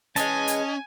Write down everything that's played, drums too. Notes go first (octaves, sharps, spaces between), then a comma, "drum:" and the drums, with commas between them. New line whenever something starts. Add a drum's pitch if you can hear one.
E3 G#3 C#4 D#5 G#5 A5, drum: hi-hat
drum: hi-hat